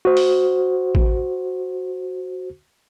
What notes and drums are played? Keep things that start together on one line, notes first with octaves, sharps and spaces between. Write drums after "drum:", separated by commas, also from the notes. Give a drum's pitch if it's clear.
F#4 C5
drum: open hi-hat
drum: kick A1